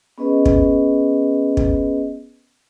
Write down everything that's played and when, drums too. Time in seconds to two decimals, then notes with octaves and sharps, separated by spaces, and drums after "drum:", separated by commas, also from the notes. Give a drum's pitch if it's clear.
0.18 B3 C#4 G#4 B4 D#5
0.46 drum: kick
1.57 drum: kick